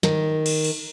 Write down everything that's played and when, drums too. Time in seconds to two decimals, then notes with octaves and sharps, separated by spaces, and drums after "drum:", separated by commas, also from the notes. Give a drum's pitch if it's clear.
0.03 D#3, drum: snare
0.46 drum: cymbal
0.64 drum: open hi-hat